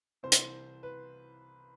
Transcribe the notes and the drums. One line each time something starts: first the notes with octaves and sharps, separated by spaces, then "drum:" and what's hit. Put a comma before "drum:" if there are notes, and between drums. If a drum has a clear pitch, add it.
C2 C3 E3 C5
drum: hi-hat
B4